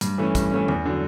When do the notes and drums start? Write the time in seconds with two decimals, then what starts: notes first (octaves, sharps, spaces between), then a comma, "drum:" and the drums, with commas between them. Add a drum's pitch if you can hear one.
0.01 G2, drum: hi-hat
0.18 E3 A3 C#4
0.35 G2, drum: kick, hi-hat
0.51 E3 A3 C#4
0.68 E2, drum: tom
0.85 D3 F#3